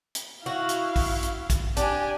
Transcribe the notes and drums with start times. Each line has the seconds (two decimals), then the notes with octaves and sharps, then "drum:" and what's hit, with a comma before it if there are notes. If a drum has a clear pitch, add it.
0.15 drum: hi-hat
0.46 E4 F#4 F5
0.69 drum: hi-hat
0.96 drum: kick, open hi-hat
1.23 drum: hi-hat
1.50 drum: kick, hi-hat
1.77 D4 G4 G#5, drum: hi-hat